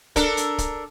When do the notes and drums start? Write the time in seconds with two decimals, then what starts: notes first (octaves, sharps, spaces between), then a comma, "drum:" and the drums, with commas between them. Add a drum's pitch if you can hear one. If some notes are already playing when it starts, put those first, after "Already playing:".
0.16 D4 A4 A#4, drum: kick, hi-hat
0.37 drum: hi-hat
0.58 drum: kick, hi-hat